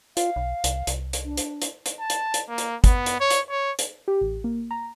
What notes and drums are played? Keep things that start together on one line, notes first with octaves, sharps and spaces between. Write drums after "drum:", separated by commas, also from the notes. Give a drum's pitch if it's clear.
F4 F5, drum: hi-hat
B1
C2, drum: hi-hat
C2, drum: hi-hat
drum: hi-hat
D4
drum: hi-hat
drum: hi-hat
drum: hi-hat
A5
drum: hi-hat
drum: hi-hat
A#3
drum: hi-hat
B3, drum: kick, hi-hat
drum: hi-hat
C#5
drum: hi-hat
C#5
drum: hi-hat
G4
A1
A#3
A#5